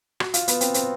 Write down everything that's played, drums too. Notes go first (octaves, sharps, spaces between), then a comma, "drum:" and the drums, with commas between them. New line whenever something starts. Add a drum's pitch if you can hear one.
F#4, drum: rim click
F4, drum: hi-hat
B3, drum: hi-hat
C4, drum: hi-hat
C4, drum: hi-hat